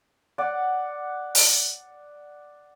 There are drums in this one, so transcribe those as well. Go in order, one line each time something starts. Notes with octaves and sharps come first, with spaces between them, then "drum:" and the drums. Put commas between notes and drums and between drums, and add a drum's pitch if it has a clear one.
D5 F#5
drum: open hi-hat